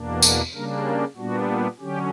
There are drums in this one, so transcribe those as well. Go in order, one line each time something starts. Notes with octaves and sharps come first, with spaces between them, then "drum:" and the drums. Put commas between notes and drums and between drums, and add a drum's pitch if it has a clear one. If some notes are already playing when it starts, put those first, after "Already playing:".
Already playing: E2 B2 A#3 D4
B4, drum: tambourine
C#3 G3 A#3 D4 A#4
A#4
A#2 G3 B3 D4 F#4
D3 F#3 C#4 G4